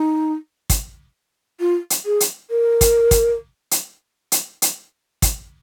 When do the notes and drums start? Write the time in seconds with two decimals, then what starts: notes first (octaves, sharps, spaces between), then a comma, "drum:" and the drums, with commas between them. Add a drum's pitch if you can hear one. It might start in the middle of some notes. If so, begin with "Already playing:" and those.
Already playing: D#4
0.70 drum: kick, hi-hat
1.60 F4
1.90 drum: hi-hat
2.06 G#4
2.20 drum: hi-hat
2.50 A#4
2.81 drum: kick, hi-hat
3.11 drum: kick, hi-hat
3.71 drum: hi-hat
4.32 drum: hi-hat
4.62 drum: hi-hat
5.22 drum: kick, hi-hat